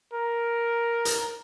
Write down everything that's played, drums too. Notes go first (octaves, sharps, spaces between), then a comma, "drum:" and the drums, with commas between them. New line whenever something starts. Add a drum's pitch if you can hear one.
A#4
drum: hi-hat